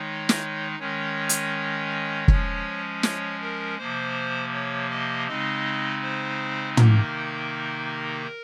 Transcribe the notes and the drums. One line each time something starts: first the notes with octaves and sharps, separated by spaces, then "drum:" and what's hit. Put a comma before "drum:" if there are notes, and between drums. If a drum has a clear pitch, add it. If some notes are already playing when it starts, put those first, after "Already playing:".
Already playing: D#3 G#3 D#4 C#5
drum: snare
D#3 G#3 C#4 C#5
drum: hi-hat
F3 G#3 C#4, drum: kick
C#5, drum: snare
A#4
C3 F3 A#3 C5
C#5
D#5
C#3 G#3 C4 D#4 D#5
C5
C3 D#3 A#3 D#4 A#4, drum: tom